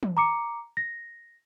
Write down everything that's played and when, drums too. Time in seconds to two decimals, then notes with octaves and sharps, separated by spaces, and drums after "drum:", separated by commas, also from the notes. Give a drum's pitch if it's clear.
0.03 drum: tom
0.17 A#5 D6 C#7
0.77 A#6